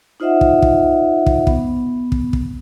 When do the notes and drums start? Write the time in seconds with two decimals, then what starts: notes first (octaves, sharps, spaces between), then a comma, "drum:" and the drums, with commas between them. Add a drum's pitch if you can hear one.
0.20 D#4 F4 C5 D#5 E5 F#5
0.41 drum: kick
0.62 drum: kick
1.26 drum: kick
1.47 B3, drum: kick
2.12 drum: kick
2.33 drum: kick